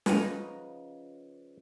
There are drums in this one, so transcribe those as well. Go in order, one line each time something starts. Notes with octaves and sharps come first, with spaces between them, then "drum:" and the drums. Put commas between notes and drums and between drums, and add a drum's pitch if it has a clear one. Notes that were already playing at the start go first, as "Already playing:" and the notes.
C#3 F3 D#4 B4 F5 F#5, drum: snare